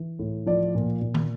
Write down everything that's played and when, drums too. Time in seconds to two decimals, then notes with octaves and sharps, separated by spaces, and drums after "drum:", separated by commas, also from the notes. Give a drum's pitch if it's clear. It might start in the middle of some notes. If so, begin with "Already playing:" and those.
Already playing: E3
0.19 A2
0.46 F3 D5
0.75 A#2
1.01 A#2
1.14 drum: tom